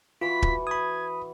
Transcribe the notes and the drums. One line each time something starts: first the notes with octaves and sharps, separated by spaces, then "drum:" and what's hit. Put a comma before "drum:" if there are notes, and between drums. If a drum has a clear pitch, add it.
E3 F4 F#4 B6
drum: kick
B5 D#6 G#6